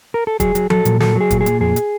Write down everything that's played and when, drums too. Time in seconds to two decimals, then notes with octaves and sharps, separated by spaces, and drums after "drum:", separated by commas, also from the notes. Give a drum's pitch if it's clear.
0.14 A#4
0.27 A4
0.40 F#3 G#4, drum: kick, hi-hat
0.55 F#3, drum: hi-hat
0.70 F#3 A4, drum: tom F3
0.85 A#2, drum: hi-hat
1.00 F#3 A4, drum: snare
1.16 F#3 G#4
1.30 A#2, drum: kick, hi-hat
1.41 G#4
1.46 A#2, drum: hi-hat
1.61 F2 G#4
1.76 drum: hi-hat